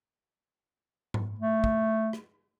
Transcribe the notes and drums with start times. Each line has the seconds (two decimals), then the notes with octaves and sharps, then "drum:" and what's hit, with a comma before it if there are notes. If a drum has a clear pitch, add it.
1.14 drum: tom G#2
1.39 A3
1.64 drum: kick
2.13 drum: rim click